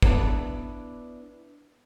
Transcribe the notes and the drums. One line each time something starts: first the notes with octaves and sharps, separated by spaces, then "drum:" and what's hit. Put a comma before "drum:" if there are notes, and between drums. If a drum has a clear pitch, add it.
B3 D4 E4 B4 D5, drum: kick